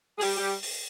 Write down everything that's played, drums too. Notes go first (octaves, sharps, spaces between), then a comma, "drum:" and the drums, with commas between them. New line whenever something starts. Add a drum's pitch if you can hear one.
G#4
G3 G4, drum: open hi-hat
G3 G4
drum: open hi-hat